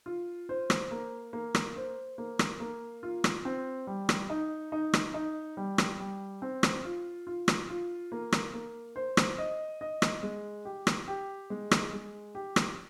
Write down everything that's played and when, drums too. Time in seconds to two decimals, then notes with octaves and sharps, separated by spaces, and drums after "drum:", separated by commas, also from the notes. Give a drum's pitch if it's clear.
0.06 F4
0.49 C5
0.70 drum: rim click
0.91 A#3
1.33 A#3
1.55 drum: rim click
1.76 C5
2.18 A#3
2.39 drum: rim click
2.60 A#3
3.03 F4
3.24 drum: rim click
3.45 C4
3.87 G3
4.09 drum: rim click
4.30 D#4
4.72 D#4
4.93 drum: rim click
5.14 D#4
5.57 G3
5.78 drum: rim click
6.00 G3
6.42 C4
6.63 drum: rim click
6.84 F4
7.27 F4
7.48 drum: rim click
7.69 F4
8.12 A#3
8.32 drum: rim click
8.54 A#3
8.96 C5
9.17 drum: rim click
9.38 D#5
9.81 D#5
10.02 drum: rim click
10.23 G#3
10.65 G4
10.87 drum: rim click
11.08 G4
11.50 G#3
11.71 drum: rim click
11.93 G#3
12.35 G4
12.56 drum: rim click